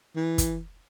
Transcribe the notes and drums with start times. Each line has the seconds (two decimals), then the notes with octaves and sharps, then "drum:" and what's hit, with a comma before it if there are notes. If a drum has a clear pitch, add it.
0.16 E3
0.38 drum: kick, hi-hat